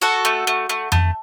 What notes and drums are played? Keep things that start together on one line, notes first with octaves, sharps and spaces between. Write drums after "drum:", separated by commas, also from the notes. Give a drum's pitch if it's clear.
F#4 A4 F#5
A3
A3
A3
A3, drum: tom F2